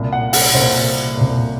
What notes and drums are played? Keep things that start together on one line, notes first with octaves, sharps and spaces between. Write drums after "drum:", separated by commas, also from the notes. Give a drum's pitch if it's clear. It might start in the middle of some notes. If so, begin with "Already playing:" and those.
Already playing: C2 A#2
F#5
F#5, drum: open hi-hat
C2 A#2 C5
C2 A#2